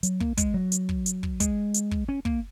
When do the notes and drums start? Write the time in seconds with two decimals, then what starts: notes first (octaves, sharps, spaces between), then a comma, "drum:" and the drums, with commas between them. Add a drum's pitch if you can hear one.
0.03 F#3, drum: hi-hat
0.20 A#3, drum: kick
0.37 G#3, drum: kick, hi-hat
0.54 F#3
0.72 drum: hi-hat
0.89 drum: kick
1.06 drum: hi-hat
1.23 drum: kick
1.40 G#3, drum: kick, hi-hat
1.74 drum: hi-hat
1.91 drum: kick
2.09 C#4
2.25 A#3, drum: kick